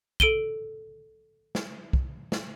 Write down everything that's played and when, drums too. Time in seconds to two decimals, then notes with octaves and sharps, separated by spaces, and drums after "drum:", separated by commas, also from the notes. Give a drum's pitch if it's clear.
0.20 A4 D7 D#7 G7, drum: kick
1.55 drum: snare
1.93 drum: kick
2.32 drum: snare